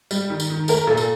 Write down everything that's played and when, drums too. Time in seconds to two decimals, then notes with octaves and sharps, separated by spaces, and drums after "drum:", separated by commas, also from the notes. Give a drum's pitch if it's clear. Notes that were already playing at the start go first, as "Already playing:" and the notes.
0.11 G3, drum: tambourine
0.30 D#3
0.40 drum: tambourine
0.50 D#3
0.68 A3 A#4, drum: tambourine
0.87 A#2 A4
0.97 drum: tambourine